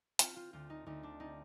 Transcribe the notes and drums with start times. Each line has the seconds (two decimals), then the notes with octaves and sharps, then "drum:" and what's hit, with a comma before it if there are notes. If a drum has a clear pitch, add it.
0.19 C4 F4, drum: hi-hat
0.36 F4
0.53 D2 F4
0.70 D#4
0.86 D2 D#4
1.03 D4
1.20 C4 D#4